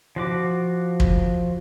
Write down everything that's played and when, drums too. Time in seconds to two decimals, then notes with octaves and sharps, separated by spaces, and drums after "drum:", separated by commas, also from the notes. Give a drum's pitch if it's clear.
0.16 F3 F#4 D6
1.00 drum: kick